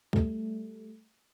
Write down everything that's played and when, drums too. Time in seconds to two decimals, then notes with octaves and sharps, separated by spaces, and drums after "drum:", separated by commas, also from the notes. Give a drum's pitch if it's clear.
0.13 G3 A3, drum: kick